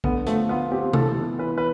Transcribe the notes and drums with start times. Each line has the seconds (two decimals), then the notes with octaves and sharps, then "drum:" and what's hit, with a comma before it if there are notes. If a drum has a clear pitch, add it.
0.04 D3 B3, drum: kick
0.27 F3 A3, drum: hi-hat
0.49 B3 F4
0.72 C4 G4
0.93 E3 A4, drum: tom C3
1.17 B3
1.39 E3 B4
1.58 B4